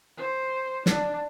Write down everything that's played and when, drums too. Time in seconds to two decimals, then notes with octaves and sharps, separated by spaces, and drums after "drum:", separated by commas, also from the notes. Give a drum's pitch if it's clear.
0.17 C5
0.86 D4, drum: snare